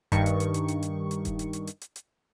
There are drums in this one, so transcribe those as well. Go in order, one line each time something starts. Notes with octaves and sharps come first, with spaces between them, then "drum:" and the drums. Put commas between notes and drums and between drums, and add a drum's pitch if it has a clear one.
G2 D#3 C#6, drum: kick E1, hi-hat
drum: hi-hat
drum: hi-hat
drum: hi-hat
drum: hi-hat
drum: hi-hat
drum: hi-hat
drum: kick E1, hi-hat
drum: hi-hat
drum: hi-hat
drum: hi-hat
drum: hi-hat
drum: hi-hat